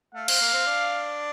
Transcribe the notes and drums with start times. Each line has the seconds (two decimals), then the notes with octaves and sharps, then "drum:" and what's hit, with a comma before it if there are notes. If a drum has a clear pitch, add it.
0.15 A3 F5
0.28 C4, drum: cymbal
0.40 A#3
0.53 C4
0.66 D4